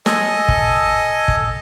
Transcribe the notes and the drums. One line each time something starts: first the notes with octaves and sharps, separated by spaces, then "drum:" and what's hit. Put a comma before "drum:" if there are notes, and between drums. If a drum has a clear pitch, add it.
A4 D#5 G#5, drum: snare
drum: kick
drum: kick